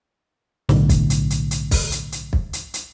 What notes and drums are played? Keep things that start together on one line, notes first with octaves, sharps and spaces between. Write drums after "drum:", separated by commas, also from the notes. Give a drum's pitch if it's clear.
B1 A2 D3, drum: snare
drum: kick, hi-hat
drum: hi-hat
drum: hi-hat
drum: hi-hat
drum: kick, open hi-hat
drum: hi-hat
drum: hi-hat
drum: kick
drum: hi-hat
drum: hi-hat